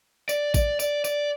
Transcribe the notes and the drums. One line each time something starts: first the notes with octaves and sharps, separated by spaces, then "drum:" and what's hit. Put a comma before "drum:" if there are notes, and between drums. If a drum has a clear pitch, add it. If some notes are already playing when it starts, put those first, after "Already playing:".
D5, drum: tambourine
D5, drum: kick A#1, tambourine
D5, drum: tambourine
D5, drum: tambourine